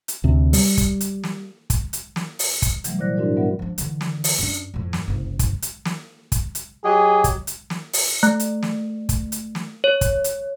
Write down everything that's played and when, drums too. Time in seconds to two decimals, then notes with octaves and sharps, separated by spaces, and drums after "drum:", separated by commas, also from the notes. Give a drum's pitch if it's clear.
0.08 drum: hi-hat
0.24 D2 C3
0.53 G3, drum: open hi-hat
0.77 drum: kick, hi-hat
1.01 drum: hi-hat
1.24 drum: snare
1.70 drum: kick, hi-hat
1.93 drum: hi-hat
2.16 drum: snare
2.39 drum: open hi-hat
2.62 drum: kick, hi-hat
2.84 C3 E3 F#3 G3 A3, drum: hi-hat
2.99 A#2 E4 C5 D5 F#6 A#6
3.16 G#2 D4 E4 F#4 A#4 D5
3.37 G3 B3 A#4 E5 F#5
3.59 F3 D4
3.78 D3 E3, drum: hi-hat
4.01 drum: snare
4.24 drum: open hi-hat
4.39 F#2 D4
4.74 F2 A2
4.93 drum: snare
5.08 F#1 C2
5.39 drum: kick, hi-hat
5.62 drum: hi-hat
5.85 drum: snare
6.32 drum: kick, hi-hat
6.55 drum: hi-hat
6.84 F#3 G4 G#4 D#5
7.24 drum: kick, hi-hat
7.47 drum: hi-hat
7.70 drum: snare
7.93 drum: open hi-hat
8.23 A3
8.40 drum: hi-hat
8.63 drum: snare
9.09 drum: kick, hi-hat
9.32 drum: hi-hat
9.55 drum: snare
9.84 C#5
10.01 drum: kick, hi-hat
10.24 drum: hi-hat